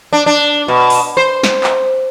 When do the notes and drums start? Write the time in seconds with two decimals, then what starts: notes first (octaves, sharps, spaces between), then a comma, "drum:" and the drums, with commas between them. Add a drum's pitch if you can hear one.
0.13 D4
0.26 D4
0.68 B2
0.90 drum: open hi-hat
1.17 C5
1.43 drum: snare
1.64 drum: clap